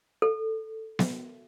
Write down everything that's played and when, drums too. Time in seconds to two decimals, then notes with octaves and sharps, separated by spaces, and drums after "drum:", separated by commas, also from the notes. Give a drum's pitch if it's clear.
0.22 A4
0.99 drum: snare B3